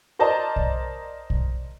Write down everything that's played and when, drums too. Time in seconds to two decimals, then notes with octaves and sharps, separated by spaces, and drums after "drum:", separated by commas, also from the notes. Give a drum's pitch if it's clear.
0.19 A#4 C5 D5 D#5 A5 A#5
0.56 drum: kick
1.30 drum: kick